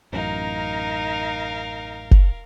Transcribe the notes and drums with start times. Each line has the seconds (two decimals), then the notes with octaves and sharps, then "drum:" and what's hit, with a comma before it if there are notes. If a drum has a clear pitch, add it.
0.13 A1 F#2 D#4 A#4 F5
2.11 drum: kick F#1